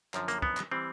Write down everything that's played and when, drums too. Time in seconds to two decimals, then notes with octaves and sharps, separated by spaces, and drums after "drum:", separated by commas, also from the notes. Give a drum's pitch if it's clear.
0.14 F#2 D3 F3, drum: clap
0.28 A#3, drum: hi-hat
0.42 B3, drum: kick
0.57 drum: clap
0.71 E3 G3 C4